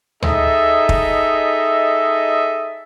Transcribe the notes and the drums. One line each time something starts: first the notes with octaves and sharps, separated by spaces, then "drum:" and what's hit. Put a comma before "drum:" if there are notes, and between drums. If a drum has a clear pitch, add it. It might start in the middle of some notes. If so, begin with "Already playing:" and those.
D#4 G#4 A4 D#5 E5, drum: tom D2
drum: kick